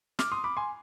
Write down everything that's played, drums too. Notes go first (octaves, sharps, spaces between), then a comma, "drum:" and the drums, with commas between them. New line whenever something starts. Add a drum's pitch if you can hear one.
D6 F6, drum: snare
C6 D#6
B5 D6
G#5 C6